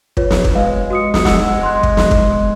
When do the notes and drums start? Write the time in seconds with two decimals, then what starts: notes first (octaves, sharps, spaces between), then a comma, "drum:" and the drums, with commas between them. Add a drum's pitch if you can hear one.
0.17 F4 B4 C#5, drum: kick
0.31 drum: snare
0.44 drum: kick
0.55 G#3 B4 F5
0.91 F#4 D#6 C#7
1.14 drum: snare
1.25 G#3 F#5 E6, drum: snare
1.63 C6 F#6
1.83 drum: kick
1.97 drum: snare
2.11 drum: kick